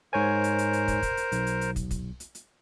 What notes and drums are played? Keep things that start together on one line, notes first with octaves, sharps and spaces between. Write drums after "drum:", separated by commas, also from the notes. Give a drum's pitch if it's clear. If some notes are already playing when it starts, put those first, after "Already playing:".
G#2 A#4 C5 C#5 G#5
drum: hi-hat
drum: hi-hat
drum: hi-hat
drum: kick, hi-hat
drum: kick, hi-hat
drum: hi-hat
B1, drum: hi-hat
drum: hi-hat
drum: hi-hat
drum: kick, hi-hat
drum: kick, hi-hat
drum: hi-hat
drum: hi-hat